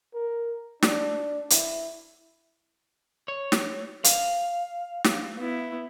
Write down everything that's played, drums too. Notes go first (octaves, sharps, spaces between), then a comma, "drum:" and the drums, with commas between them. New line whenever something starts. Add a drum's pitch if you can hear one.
A#4
D4, drum: snare
E4, drum: hi-hat
C#5
drum: snare
F5, drum: hi-hat
drum: snare
B3 E4